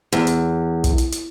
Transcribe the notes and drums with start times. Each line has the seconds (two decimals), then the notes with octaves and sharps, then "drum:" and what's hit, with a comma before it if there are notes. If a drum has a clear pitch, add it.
0.13 E2
0.27 drum: hi-hat
0.84 drum: kick, hi-hat
0.98 drum: hi-hat
1.12 drum: hi-hat